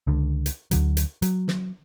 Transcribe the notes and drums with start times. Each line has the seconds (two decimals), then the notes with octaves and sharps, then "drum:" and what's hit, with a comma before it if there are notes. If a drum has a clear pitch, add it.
0.07 C#2 D3
0.46 drum: hi-hat
0.71 D2 D3 F#3, drum: hi-hat
0.97 drum: hi-hat
1.22 F#3, drum: hi-hat
1.48 drum: snare